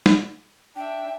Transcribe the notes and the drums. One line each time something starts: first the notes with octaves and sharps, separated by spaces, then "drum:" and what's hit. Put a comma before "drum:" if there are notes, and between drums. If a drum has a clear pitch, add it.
drum: snare
D4 E5 G5